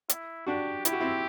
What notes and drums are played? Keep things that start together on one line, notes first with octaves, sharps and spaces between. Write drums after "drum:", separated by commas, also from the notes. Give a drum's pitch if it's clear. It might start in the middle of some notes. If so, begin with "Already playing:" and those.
E4, drum: hi-hat
D4 F#4 G4
E4 G4, drum: hi-hat
F#4
C4 E4